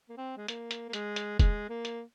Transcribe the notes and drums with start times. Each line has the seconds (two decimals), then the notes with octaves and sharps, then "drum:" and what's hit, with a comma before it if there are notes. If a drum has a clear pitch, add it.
0.09 A#3
0.17 C4
0.37 G#3
0.48 A#3, drum: hi-hat
0.71 drum: hi-hat
0.89 A#3
0.93 G#3, drum: hi-hat
1.16 drum: hi-hat
1.39 G#3, drum: kick, hi-hat
1.69 A#3
1.85 drum: hi-hat